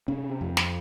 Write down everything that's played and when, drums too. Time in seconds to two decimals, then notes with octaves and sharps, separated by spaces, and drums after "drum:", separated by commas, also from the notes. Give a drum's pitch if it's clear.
0.08 C3 C#4
0.41 F2
0.57 drum: snare